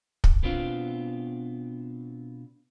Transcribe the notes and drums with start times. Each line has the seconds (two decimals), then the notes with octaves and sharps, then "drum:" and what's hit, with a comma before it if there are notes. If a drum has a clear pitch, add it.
0.24 drum: kick
0.43 B2 B3 C4 D4 F4